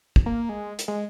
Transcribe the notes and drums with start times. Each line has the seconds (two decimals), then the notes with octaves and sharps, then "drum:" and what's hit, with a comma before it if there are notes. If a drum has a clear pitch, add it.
0.16 drum: kick
0.26 A#3
0.49 G#3
0.79 drum: hi-hat
0.88 G#3